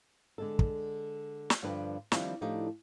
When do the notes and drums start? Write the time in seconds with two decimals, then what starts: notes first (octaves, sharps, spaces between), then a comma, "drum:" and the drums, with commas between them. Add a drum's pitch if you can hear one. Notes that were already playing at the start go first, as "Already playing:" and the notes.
0.38 D3 G#3 A4
0.59 drum: kick
1.50 drum: snare
1.62 G2 D3 F3 D4 B4 G5
2.12 D#3 F3 G3 C4 D4 E4, drum: snare
2.41 A2 F3 D4 D#4 G4 A4